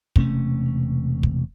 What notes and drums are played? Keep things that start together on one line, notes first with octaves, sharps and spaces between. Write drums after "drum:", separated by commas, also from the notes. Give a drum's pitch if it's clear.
E1 C3 A3 C#4, drum: kick
drum: kick